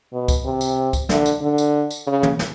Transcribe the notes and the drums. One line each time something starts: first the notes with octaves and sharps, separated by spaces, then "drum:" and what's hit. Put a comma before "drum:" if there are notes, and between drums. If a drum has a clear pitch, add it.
B2
drum: kick C#2, tambourine
C3
drum: tambourine
drum: kick C#2, tambourine
D3, drum: snare
drum: tambourine
D3
drum: tambourine
drum: tambourine
C#3
drum: tom
drum: snare